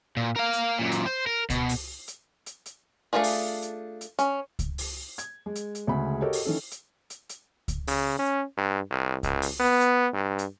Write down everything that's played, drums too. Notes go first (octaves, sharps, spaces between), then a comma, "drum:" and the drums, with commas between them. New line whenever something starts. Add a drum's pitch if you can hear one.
A#2
A#4 F5
drum: hi-hat
F#2 A#2
drum: hi-hat
C5
A#4
B2, drum: kick C#2, hi-hat
drum: open hi-hat
drum: hi-hat
drum: hi-hat
drum: hi-hat
A3 A#3 D4 F4 G#4
drum: open hi-hat
drum: hi-hat
drum: hi-hat
C#4, drum: hi-hat
drum: kick C#2, hi-hat
drum: open hi-hat
G#6, drum: hi-hat
G#3
drum: hi-hat
drum: hi-hat
D2 C#3 G#3 G#4 B5
F#4 G4 A4 A#4 C#5 D#5
drum: open hi-hat
D#3 E3 C#4 A4
drum: hi-hat
drum: hi-hat
drum: hi-hat
drum: kick C#2, hi-hat
C#3, drum: open hi-hat
C#4
G2
C2
C#2, drum: kick C#2, hi-hat
drum: open hi-hat
B3
drum: hi-hat
G2
drum: hi-hat